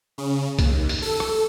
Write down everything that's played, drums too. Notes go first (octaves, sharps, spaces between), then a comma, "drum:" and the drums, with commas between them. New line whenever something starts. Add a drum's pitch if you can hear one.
C#3
D#2, drum: kick B1, hi-hat
drum: open hi-hat
A4
drum: rim click